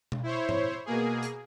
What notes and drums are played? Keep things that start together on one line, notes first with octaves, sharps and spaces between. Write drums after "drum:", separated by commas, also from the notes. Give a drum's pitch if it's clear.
drum: tom B2
E4 C5 C#5
drum: tom G#2
B2 A#3 G#4
drum: hi-hat